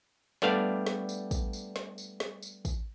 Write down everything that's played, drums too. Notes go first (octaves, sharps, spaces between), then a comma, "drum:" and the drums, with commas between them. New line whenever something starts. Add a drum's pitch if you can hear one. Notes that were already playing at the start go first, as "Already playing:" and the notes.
G3 A3 B3 D4 D5 F5, drum: snare
drum: snare
drum: tambourine
drum: kick, tambourine
drum: tambourine
drum: snare
drum: tambourine
drum: snare
drum: tambourine
drum: kick, tambourine